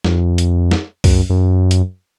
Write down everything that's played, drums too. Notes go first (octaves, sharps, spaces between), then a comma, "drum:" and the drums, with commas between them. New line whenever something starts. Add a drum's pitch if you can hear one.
F2, drum: snare
drum: hi-hat
drum: snare
F#2, drum: kick C2, open hi-hat
F#2
drum: hi-hat